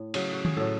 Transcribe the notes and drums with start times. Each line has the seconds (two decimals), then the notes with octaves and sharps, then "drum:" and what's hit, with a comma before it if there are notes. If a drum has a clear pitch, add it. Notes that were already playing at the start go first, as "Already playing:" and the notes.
Already playing: A2
0.14 C#3 F#3, drum: cymbal
0.33 F#4
0.45 G#4, drum: tom D#3
0.56 A2 F#3 A4